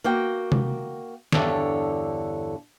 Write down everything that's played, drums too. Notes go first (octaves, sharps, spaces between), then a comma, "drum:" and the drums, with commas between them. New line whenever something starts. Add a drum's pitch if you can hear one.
A#3 F#4 G5
drum: tom C3
E2 G2 D3 A4 C#5, drum: snare